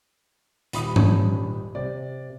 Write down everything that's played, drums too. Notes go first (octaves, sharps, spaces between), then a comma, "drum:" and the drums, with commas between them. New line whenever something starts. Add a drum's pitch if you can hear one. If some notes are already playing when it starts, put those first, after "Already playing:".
D#1 B5 D#6, drum: hi-hat
C#4 D4, drum: tom G#2
C3 D5